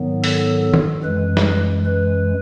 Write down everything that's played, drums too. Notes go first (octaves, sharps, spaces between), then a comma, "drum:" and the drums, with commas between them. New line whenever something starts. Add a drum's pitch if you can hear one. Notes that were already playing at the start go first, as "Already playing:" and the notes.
Already playing: G#2 D#3 F#3 B3
A4, drum: open hi-hat
drum: tom D#3
F#2 E3 G#3 B4
drum: snare
B4